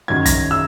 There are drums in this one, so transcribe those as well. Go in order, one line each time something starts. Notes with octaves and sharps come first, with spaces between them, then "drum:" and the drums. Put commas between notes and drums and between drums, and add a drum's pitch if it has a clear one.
F#2 D#3 F#3 G#6
A#6, drum: kick, hi-hat
E6